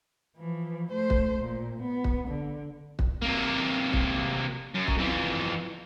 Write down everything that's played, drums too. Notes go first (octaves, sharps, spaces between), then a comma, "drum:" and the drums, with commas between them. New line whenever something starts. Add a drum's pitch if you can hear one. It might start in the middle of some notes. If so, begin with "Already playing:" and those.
E3 F3
A3 C5
drum: kick
A#2
B3
drum: kick
D3
drum: kick
C3 A#3
drum: kick
F#2
drum: kick
F2 E3